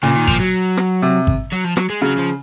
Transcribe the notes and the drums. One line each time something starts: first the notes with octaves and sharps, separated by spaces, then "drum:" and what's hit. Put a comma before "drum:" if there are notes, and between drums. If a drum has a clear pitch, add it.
A#2 C#3
D#3
F3, drum: kick G#1
F#3
drum: rim click
C3
drum: kick G#1
F#3
F3
F#3, drum: rim click
G#3
C#3 F#3
F3